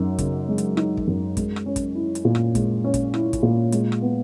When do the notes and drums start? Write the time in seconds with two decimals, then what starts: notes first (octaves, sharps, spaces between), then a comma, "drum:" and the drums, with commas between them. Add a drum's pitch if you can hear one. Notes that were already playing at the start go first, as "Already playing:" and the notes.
Already playing: F#2 D#4
0.19 C#3, drum: kick, hi-hat
0.48 G#3
0.58 drum: hi-hat
0.77 D#4, drum: rim click
0.97 drum: kick
1.07 F#2
1.37 G#3, drum: kick, hi-hat
1.56 drum: rim click
1.66 C#4
1.76 drum: kick, hi-hat
1.95 E4
2.15 drum: hi-hat
2.25 A#2
2.35 drum: rim click
2.55 G#3, drum: kick, hi-hat
2.84 C#4
2.94 drum: kick, hi-hat
3.14 E4, drum: rim click
3.33 drum: kick, hi-hat
3.43 A#2
3.72 G#3, drum: hi-hat
3.92 drum: rim click
4.01 B3